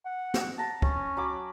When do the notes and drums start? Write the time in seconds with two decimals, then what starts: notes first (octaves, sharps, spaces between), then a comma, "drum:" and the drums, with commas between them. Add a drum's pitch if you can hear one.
0.05 F#5
0.34 drum: snare
0.58 A5 A#5
0.82 C#4, drum: kick
1.17 F#3 B5 D6